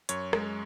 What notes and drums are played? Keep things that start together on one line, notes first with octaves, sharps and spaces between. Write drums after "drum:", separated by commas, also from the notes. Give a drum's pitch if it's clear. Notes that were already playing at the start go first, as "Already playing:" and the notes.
F#2 C#5, drum: hi-hat
G#3, drum: rim click